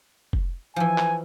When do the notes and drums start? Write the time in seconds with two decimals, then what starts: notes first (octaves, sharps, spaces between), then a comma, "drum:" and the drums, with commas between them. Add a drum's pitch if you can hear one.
0.33 drum: kick F1
0.76 E3 F3 G#5
0.98 drum: clap